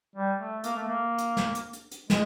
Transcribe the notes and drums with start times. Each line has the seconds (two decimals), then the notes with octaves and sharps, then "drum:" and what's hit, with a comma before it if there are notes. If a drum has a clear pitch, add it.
0.16 G3
0.39 A3
0.64 A#3, drum: hi-hat
0.76 A3
0.88 A#3
1.18 drum: hi-hat
1.37 drum: snare
1.55 drum: hi-hat
1.73 drum: hi-hat
1.91 drum: hi-hat
2.10 G#3, drum: snare